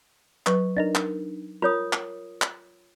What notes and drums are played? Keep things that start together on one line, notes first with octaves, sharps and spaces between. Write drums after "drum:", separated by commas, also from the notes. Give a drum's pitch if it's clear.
F#3 B4 C#6, drum: clap
D4 D#4 A#4
drum: clap
F4 A#4 C#5 D#6
drum: clap
drum: clap